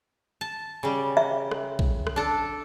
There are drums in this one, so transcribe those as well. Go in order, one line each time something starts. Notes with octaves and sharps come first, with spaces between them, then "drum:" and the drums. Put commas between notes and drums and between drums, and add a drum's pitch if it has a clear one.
A5
C#3 G3
E5
drum: rim click
drum: kick A#1
drum: rim click
D4 A4